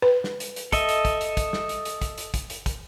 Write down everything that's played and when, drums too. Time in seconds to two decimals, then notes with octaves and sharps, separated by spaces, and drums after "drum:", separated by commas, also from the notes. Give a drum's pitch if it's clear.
0.02 B4
0.24 drum: snare
0.40 drum: hi-hat
0.56 drum: hi-hat
0.72 A4 D#5 E5, drum: kick, hi-hat
0.89 drum: hi-hat
1.05 drum: kick, hi-hat
1.21 drum: hi-hat
1.37 drum: kick, hi-hat
1.53 drum: snare
1.69 drum: hi-hat
1.85 drum: hi-hat
2.02 drum: kick, hi-hat
2.18 drum: hi-hat
2.34 drum: kick, hi-hat
2.50 drum: hi-hat
2.66 drum: kick, hi-hat